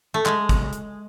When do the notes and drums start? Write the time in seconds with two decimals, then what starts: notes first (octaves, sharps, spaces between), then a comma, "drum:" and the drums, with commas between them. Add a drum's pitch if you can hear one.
0.14 A3
0.26 G#3, drum: clap
0.49 drum: kick, hi-hat
0.73 drum: hi-hat